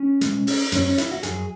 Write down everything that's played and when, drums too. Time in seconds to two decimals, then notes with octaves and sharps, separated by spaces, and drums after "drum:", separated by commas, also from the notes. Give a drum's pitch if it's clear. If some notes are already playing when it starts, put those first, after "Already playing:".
Already playing: C#4
0.21 B2 G#3, drum: hi-hat
0.47 drum: open hi-hat
0.72 F#2 F#3 C#4, drum: hi-hat
0.86 C#4
0.98 E4, drum: hi-hat
1.11 F#4
1.23 F#2 F#3 G#4, drum: hi-hat